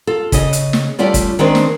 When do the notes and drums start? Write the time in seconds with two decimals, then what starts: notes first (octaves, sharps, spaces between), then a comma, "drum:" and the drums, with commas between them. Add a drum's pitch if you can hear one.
0.07 F4 A4
0.32 C#3 D#5, drum: kick, hi-hat
0.53 drum: hi-hat
0.73 drum: snare
0.99 G3 A3 C#4 F4 D5
1.14 drum: kick, hi-hat
1.39 D#3 G#3 C4 D4 B4 C5
1.55 drum: snare